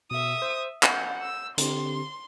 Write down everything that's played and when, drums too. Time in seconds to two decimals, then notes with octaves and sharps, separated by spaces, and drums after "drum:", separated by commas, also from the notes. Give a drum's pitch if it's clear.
0.11 B2 E5 D#6
0.42 C5
0.83 F#5 G6, drum: clap
1.22 E6
1.58 D3 C4 G4 C6, drum: hi-hat